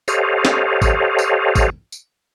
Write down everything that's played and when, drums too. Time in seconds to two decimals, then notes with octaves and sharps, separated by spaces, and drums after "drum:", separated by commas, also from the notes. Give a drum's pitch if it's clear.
0.08 G4 A4 C5 C#5 D#5 F5, drum: tambourine
0.45 drum: snare
0.82 drum: kick G#1, tambourine
1.19 drum: tambourine
1.55 drum: kick G#1, tambourine
1.92 drum: tambourine